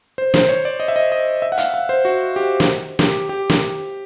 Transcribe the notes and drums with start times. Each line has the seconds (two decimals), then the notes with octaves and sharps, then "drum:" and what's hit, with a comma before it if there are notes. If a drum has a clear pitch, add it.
0.18 C5
0.34 C5, drum: snare
0.49 C#5
0.65 D5
0.80 D#5
0.88 E5
0.96 D#5
1.12 D#5
1.42 E5
1.52 F#5
1.58 F5, drum: hi-hat
1.74 F5
1.89 C5
2.05 F#4
2.36 G4
2.60 drum: snare
2.99 G4, drum: snare
3.29 G4
3.50 drum: snare